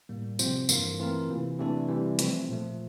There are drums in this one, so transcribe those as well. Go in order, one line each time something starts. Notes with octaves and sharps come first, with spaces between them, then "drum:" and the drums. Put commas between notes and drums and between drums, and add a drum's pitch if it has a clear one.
A2 G3 A#3
C3 F3 C4 F4 C5, drum: tambourine
G2 E3 A#3 F4 A#4, drum: tambourine
E3 A3 C4 F4 A#4
C3 E3 A#3
C3 E3 A3 D4 A4
C3 E3 G3
F3 A3 C4, drum: hi-hat
A#2 F3 A3